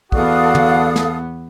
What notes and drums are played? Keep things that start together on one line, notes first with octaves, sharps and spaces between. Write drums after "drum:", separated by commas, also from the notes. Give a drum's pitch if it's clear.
E2 B3 F#4 A4 D5 F5 F#5 D#6, drum: kick
drum: tom
drum: snare